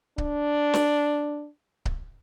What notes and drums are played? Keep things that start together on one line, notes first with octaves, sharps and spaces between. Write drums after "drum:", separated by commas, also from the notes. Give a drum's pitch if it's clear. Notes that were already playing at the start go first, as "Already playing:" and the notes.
D4, drum: kick C#1
drum: snare
drum: kick C#1